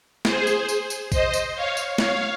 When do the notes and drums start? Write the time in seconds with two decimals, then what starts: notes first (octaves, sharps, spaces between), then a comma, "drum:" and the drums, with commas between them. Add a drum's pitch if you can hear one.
0.25 G#4 C5, drum: snare
0.47 drum: tambourine
0.69 drum: tambourine
0.90 drum: tambourine
1.12 C5 D#5, drum: kick A#1, tambourine
1.34 drum: tambourine
1.55 C#5 F5
1.77 drum: tambourine
1.98 C#5 F5, drum: snare